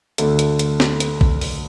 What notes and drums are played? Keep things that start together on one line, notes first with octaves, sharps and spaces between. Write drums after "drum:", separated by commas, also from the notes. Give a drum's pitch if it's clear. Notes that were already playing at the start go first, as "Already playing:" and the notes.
D2 D3 A3, drum: hi-hat
drum: hi-hat
drum: hi-hat
drum: snare
drum: hi-hat
drum: kick
drum: open hi-hat